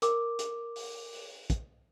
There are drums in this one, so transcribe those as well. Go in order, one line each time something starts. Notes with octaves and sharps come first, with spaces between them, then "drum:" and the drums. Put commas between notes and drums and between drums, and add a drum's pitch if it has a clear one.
A#4 D6, drum: hi-hat
drum: hi-hat
drum: open hi-hat
drum: open hi-hat
drum: kick, hi-hat